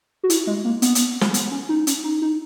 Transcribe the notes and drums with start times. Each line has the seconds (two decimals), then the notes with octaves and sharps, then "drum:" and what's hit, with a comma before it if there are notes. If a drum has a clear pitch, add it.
0.23 F#4
0.30 E4, drum: hi-hat
0.47 G#3
0.65 A#3
0.82 B3, drum: hi-hat
0.95 drum: hi-hat
1.21 drum: snare
1.34 B3, drum: hi-hat
1.51 C#4
1.69 D#4
1.87 C#4, drum: hi-hat
2.04 D#4
2.22 D#4